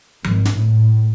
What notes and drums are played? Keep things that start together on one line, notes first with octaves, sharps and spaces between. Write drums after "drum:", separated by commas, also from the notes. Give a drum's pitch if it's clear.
G#1, drum: tom F3
drum: snare
A2